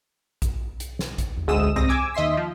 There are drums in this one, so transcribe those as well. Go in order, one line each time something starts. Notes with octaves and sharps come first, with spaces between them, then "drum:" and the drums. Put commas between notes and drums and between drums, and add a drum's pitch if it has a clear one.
drum: kick A1, hi-hat
drum: hi-hat
drum: snare
drum: kick A1, hi-hat
drum: tom E2
G#1 D2 G#3 D#6 E6 E7
C2 G#2 C4 D#6 A#6
G#5 D6 E6
D#2 D#5 E5 C6 B6
F3